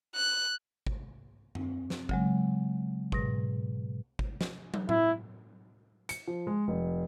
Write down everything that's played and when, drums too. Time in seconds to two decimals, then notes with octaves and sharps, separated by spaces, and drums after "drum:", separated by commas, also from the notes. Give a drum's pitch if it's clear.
0.15 F#6
0.87 drum: kick G#1
1.55 C4, drum: tom F#2
1.90 drum: snare
2.09 C#3 F#3 G#3, drum: kick G#1
3.12 G#2 B2 A#6, drum: kick G#1
4.19 drum: kick G#1
4.41 drum: snare
4.74 drum: tom
4.89 E4, drum: tom A2
6.09 C#7, drum: hi-hat
6.28 F3
6.47 G#3
6.68 F1